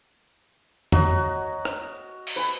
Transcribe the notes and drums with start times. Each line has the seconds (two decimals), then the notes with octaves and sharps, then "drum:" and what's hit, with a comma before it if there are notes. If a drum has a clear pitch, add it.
0.92 F#4 C#5 D#5 F#5 A#5, drum: tom F2
1.65 drum: rim click
2.27 drum: cymbal
2.36 B4 C5 G#5